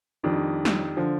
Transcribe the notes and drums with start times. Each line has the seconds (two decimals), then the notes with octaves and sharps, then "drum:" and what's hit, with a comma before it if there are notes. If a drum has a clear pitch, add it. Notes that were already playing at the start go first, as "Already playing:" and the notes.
0.23 F2 D#3 G3 D4
0.65 drum: snare
0.97 D3 F3